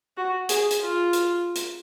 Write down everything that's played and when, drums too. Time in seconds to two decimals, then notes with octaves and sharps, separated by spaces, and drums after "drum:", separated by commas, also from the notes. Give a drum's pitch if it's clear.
0.17 F#4
0.49 G#4, drum: hi-hat
0.71 drum: hi-hat
0.81 F4
1.13 drum: hi-hat
1.55 drum: hi-hat